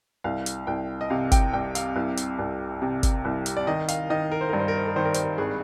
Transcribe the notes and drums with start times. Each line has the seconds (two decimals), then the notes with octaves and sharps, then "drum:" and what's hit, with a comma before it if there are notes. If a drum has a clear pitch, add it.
0.24 C2 F5
0.46 drum: hi-hat
0.67 C2 G5
1.01 D#5
1.10 C3 F5
1.32 G5, drum: kick G1, hi-hat
1.53 C2 G5
1.75 F5, drum: hi-hat
1.96 C2
2.17 drum: hi-hat
2.39 C2
2.82 C3
3.03 drum: kick G1, hi-hat
3.25 C2
3.46 drum: hi-hat
3.57 D5
3.67 D#3 D#5
3.88 F5, drum: hi-hat
4.10 D#3 D#5
4.31 A#4
4.41 C5
4.49 G2 A#4
4.59 C5
4.68 A#4
4.77 C5
4.87 A#4
4.96 D#3 C5
5.05 A#4
5.14 C5, drum: hi-hat
5.24 A#4
5.38 G#1 G#4